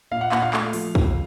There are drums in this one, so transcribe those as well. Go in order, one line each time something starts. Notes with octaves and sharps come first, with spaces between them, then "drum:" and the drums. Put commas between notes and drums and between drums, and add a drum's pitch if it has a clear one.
A#2 F5
F#5
A#2 F#5, drum: clap
F5
A3, drum: clap
F3, drum: open hi-hat
C#2, drum: kick